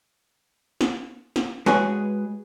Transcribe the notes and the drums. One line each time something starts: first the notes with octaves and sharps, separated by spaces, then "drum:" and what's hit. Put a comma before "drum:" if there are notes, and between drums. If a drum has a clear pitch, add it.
drum: snare
drum: snare
G#3 F#4 G#4 B4 C#5, drum: snare